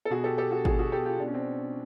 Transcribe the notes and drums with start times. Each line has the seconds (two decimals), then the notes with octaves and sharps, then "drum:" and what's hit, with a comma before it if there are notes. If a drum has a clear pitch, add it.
0.05 A4
0.10 B2 F#4 G#4
0.24 G4 A4
0.38 G4 A4
0.51 F#4 G#4
0.65 B2 F#4 G#4, drum: kick G#1
0.79 F#4 G#4
0.92 G4 A4
1.05 F4 G4
1.20 B2 D4
1.28 C#4
1.34 C4 D4